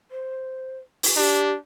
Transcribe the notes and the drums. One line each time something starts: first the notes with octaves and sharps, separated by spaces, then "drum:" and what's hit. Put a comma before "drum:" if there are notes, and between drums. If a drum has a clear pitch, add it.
C5
drum: open hi-hat
D4 G4